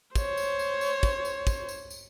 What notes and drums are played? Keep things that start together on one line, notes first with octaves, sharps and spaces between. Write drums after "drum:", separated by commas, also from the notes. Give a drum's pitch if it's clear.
C5 C#5, drum: kick, tambourine
drum: tambourine
drum: tambourine
drum: tambourine
drum: kick, tambourine
drum: tambourine
drum: kick, tambourine
drum: tambourine
drum: tambourine